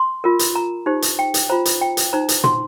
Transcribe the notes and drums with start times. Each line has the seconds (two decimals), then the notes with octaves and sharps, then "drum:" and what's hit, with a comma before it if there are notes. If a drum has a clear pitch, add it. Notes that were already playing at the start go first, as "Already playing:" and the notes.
Already playing: C6
0.24 F4 A#4
0.39 drum: hi-hat
0.55 A#5
0.86 D#4 G4 C5
1.02 drum: hi-hat
1.19 G5
1.34 drum: hi-hat
1.49 F4 C5 A#5
1.65 drum: hi-hat
1.81 G5
1.97 drum: hi-hat
2.13 D#4 C5 A#5
2.29 drum: hi-hat
2.44 C6, drum: tom